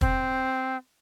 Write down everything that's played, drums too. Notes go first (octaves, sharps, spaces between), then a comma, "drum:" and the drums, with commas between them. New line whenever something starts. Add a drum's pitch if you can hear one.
C4, drum: kick